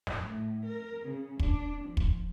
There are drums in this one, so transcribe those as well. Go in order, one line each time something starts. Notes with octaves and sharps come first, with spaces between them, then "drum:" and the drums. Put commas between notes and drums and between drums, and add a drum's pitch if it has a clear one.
drum: snare
A2
A#4
C#3
D4, drum: kick
F3
drum: kick